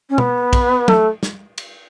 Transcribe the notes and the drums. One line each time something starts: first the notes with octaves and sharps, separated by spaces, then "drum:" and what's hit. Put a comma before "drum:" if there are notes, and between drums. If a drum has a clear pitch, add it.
C#4
B3, drum: tom
drum: kick, cymbal
A3, drum: tom
drum: snare
drum: cymbal